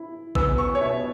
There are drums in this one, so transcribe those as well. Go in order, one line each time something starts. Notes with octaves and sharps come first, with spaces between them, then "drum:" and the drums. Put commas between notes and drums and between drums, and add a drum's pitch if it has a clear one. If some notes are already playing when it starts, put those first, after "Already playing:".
Already playing: E4
B3 E6, drum: kick
C#6
C#5
B2 E5